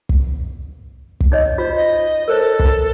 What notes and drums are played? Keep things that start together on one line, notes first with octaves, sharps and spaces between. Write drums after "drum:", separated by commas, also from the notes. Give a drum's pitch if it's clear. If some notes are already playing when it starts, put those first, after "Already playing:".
drum: kick
drum: kick
D#4 C#5 D#5
F4 C5
D#5
A4 A#4 C5 C#5
drum: kick